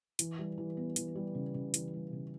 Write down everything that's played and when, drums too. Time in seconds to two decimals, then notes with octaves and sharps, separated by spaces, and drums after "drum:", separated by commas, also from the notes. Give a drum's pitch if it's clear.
0.19 E3, drum: hi-hat
0.39 G3
0.58 E3
0.77 B3
0.96 E3, drum: hi-hat
1.15 G3
1.35 C#3
1.55 C#3
1.74 E3, drum: hi-hat
1.93 G3
2.13 C#3